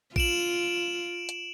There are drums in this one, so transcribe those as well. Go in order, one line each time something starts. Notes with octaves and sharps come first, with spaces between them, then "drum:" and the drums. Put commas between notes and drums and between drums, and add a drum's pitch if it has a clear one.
F4 D7 E7 F#7, drum: kick A#1
drum: hi-hat